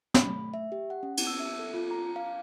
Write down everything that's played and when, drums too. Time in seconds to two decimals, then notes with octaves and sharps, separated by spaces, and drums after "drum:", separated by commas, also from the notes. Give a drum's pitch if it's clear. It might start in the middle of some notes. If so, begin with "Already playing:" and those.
0.14 B5, drum: snare
0.29 A3
0.54 E5
0.72 G4
0.90 F#5
1.03 C#4
1.17 drum: cymbal
1.27 E6
1.40 E5
1.59 A4
1.74 F4
1.91 A#5
2.16 F5